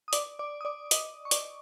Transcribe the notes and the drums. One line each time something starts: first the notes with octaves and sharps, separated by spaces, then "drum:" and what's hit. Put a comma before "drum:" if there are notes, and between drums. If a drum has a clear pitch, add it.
D#6
D5 D6, drum: hi-hat
D5 D6
D#6
D5 D6
D#5 D#6, drum: hi-hat
C#6
D5 D6, drum: hi-hat